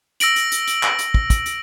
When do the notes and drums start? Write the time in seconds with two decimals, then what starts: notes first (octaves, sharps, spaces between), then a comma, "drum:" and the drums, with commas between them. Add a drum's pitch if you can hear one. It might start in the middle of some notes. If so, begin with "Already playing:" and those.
0.20 E6 A#6 D7 F#7, drum: hi-hat
0.36 drum: hi-hat
0.52 drum: hi-hat
0.67 drum: hi-hat
0.83 drum: clap
0.99 drum: hi-hat
1.14 drum: kick
1.30 drum: kick, hi-hat
1.46 drum: hi-hat